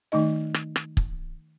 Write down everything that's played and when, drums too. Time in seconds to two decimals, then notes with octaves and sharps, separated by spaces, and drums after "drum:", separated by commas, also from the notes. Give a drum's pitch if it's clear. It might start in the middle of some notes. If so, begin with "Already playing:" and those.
0.12 D#3 A3 D#4 D#5
0.54 drum: rim click
0.76 drum: rim click
0.97 drum: kick